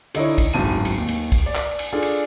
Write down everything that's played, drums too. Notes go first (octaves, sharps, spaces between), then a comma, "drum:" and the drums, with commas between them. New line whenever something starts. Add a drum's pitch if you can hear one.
D3 D#4 E4 C#5, drum: cymbal
drum: kick, cymbal
D1 G#1 F#2 A5 D#7
drum: cymbal
D#2
drum: cymbal
drum: kick, cymbal
D5
drum: clap
drum: cymbal
D4 F4 G#4 A4
drum: cymbal